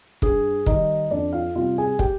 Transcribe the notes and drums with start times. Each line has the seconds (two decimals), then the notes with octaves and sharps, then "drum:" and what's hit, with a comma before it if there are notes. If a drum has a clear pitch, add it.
0.22 G2 G#4, drum: kick
0.66 D#3 G3 D#4 D#5, drum: kick
1.11 F2 D4 D5
1.33 F4 F5
1.55 C3 G3 F4 F5
1.78 G#4 G#5
1.99 G4 G5, drum: kick